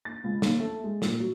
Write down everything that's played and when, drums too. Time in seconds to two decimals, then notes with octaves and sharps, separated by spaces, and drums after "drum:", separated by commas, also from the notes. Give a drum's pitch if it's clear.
0.05 A6
0.24 C#2
0.42 D#2, drum: snare
0.60 A3
0.84 G#3
1.02 A#2, drum: snare
1.20 F#3